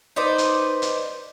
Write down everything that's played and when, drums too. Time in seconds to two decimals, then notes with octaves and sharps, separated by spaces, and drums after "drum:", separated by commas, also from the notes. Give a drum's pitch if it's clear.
0.16 D#4 B4 C5 D5
0.38 drum: hi-hat
0.82 drum: hi-hat